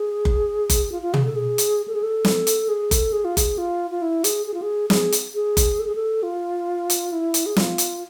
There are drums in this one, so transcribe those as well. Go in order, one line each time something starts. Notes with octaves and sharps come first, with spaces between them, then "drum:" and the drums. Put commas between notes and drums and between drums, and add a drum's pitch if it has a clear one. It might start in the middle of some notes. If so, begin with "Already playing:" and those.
Already playing: G#4
drum: kick F#1
drum: kick F#1, hi-hat
F4
F4
G#4, drum: tom
A4
G#4
drum: hi-hat
A4
G#4
A4
drum: snare
drum: hi-hat
G#4
A4, drum: kick F#1, hi-hat
G#4
F4
G#4, drum: kick F#1, hi-hat
F4
F4
E4
G#4, drum: hi-hat
G#4
F4
G#4
G#4, drum: snare
drum: hi-hat
G#4
drum: kick F#1, hi-hat
A4
G#4
A4
F4
drum: hi-hat
E4
drum: hi-hat
G#4
F4, drum: snare
drum: hi-hat